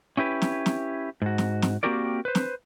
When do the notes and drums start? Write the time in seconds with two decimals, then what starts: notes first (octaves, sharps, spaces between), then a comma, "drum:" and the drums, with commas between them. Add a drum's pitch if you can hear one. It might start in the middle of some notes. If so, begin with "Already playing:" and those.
0.17 C#4 E4 G4 B4
0.42 drum: snare
0.66 drum: snare
1.22 G#2 F#4
1.38 drum: snare
1.62 drum: snare
1.83 A#3 C4 F#4 G4 A#4 D5
2.25 B4 C5
2.35 drum: snare